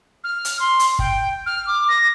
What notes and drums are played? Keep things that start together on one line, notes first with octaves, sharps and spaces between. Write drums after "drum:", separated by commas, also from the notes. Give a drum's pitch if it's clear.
F6
drum: hi-hat
C6
drum: hi-hat
G5, drum: kick
F6
D6
A#6